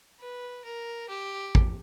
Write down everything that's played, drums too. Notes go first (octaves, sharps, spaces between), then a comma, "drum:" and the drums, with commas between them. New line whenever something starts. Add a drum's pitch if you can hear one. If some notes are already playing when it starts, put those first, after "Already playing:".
B4
A#4
G4
drum: kick A1